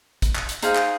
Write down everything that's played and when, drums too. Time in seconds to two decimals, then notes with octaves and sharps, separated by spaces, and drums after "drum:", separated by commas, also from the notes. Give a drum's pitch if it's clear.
0.22 drum: kick, hi-hat
0.36 drum: clap
0.49 drum: hi-hat
0.62 D#4 G#4 C5 F5, drum: hi-hat
0.75 drum: clap